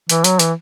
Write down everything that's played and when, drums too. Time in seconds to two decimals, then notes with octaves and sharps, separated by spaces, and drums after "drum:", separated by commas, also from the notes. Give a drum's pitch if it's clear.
0.09 E3, drum: hi-hat
0.24 F#3, drum: hi-hat
0.39 E3, drum: hi-hat